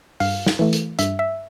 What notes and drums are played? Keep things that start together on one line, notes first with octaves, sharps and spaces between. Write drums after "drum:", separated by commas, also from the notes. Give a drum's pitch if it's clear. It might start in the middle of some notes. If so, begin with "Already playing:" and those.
G2 F5, drum: open hi-hat
drum: snare
E3 A3
drum: hi-hat
G2 E5, drum: hi-hat
E5